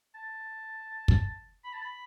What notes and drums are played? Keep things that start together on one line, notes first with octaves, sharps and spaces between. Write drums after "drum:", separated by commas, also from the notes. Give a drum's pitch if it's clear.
A5
drum: kick
B5
A5
B5